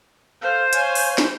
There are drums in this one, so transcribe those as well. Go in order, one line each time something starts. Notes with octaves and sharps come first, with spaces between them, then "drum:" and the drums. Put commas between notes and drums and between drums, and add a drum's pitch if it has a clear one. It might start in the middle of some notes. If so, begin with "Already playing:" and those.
A4 C5 F5
C#5 F5 G#5, drum: hi-hat
drum: open hi-hat
drum: snare